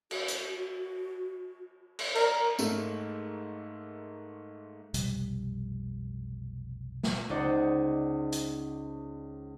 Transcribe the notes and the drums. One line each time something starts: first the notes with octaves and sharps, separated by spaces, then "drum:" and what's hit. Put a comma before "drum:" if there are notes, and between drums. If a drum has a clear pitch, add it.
F#4, drum: cymbal
drum: hi-hat
drum: cymbal
A#4 D5, drum: cymbal
G#2 A3 A#3, drum: tambourine
F1 B1 C3 G3, drum: hi-hat
drum: snare
C#2 D#4 C5 D5 F#5 D6
drum: hi-hat